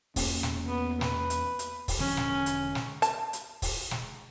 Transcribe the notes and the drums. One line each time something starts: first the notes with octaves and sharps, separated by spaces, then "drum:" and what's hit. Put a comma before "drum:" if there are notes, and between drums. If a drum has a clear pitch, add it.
E2 A#3 C#4, drum: kick, open hi-hat
drum: snare
B3
B4, drum: snare
drum: hi-hat
drum: hi-hat
drum: kick, open hi-hat
E1 D3 F3 C#4
drum: snare
drum: hi-hat
drum: snare
A5, drum: hi-hat
drum: hi-hat
drum: kick, open hi-hat
drum: snare